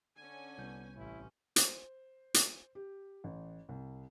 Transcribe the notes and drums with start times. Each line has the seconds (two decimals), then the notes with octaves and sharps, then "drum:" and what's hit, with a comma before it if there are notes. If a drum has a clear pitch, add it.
0.17 D3 C#4 G#5
0.58 C2 B3 G6
0.96 A1 C#4 E4
1.56 C5, drum: hi-hat
2.34 drum: hi-hat
2.75 G4
3.24 A1
3.69 C2